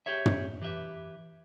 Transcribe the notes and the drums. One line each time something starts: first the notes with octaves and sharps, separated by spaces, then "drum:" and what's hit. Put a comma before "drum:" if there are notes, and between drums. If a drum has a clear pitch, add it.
G4 G#4 C#5 E5
drum: tom
E3 G4 B4 E5